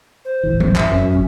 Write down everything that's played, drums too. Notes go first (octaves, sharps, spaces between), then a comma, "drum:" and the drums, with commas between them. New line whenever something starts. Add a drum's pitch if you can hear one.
C5
D#1 A1 E3
drum: tom F3
F#2 E5, drum: clap
F1 F#2
G#1 C#4